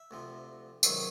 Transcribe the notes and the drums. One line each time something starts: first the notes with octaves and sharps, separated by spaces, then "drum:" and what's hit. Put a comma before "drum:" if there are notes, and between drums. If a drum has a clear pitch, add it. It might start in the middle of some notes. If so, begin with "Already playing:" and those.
Already playing: E5
D2 C3 F3
C#2 C3 D#3 F#3 E5, drum: tambourine